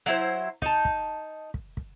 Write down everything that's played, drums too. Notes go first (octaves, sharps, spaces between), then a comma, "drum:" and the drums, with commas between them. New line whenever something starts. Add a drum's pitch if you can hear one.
F#3 E4 C5
D#4 A5, drum: kick
drum: kick
drum: kick
drum: kick